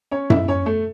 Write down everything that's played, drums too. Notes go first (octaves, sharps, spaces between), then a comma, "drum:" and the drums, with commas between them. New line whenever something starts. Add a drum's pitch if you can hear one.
C#4 C#5
E4 E5, drum: tom F#2
C#4 C#5
A3 A4